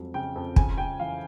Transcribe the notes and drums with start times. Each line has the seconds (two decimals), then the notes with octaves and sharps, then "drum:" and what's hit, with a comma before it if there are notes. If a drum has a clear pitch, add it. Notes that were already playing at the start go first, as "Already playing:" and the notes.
Already playing: F2 F#3 G#3
0.14 C#3 G5
0.36 F2
0.56 C#3 G#5, drum: kick
0.78 C#3 G5
1.00 E3 F5